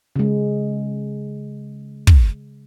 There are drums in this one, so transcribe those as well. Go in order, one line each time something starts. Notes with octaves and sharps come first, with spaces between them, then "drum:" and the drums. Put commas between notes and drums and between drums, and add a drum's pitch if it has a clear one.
C#3 G#3
drum: kick